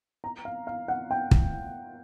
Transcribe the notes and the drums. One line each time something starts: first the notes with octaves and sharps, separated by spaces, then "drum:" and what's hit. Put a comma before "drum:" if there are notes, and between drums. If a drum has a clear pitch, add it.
A#5
F5
F5
F#5
G5
drum: kick